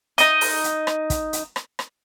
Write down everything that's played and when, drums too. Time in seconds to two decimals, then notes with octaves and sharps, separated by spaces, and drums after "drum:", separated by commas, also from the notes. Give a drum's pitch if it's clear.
0.18 D#4 D#5, drum: hi-hat
0.41 drum: open hi-hat
0.64 drum: hi-hat
0.87 drum: rim click
1.10 drum: kick, hi-hat
1.33 drum: hi-hat
1.56 drum: rim click
1.79 drum: rim click